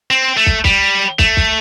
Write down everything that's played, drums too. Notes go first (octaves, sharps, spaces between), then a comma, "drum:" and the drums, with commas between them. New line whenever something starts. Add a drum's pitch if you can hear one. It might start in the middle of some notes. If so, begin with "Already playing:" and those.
C4
A3
drum: kick
G3, drum: kick
A3, drum: kick
drum: kick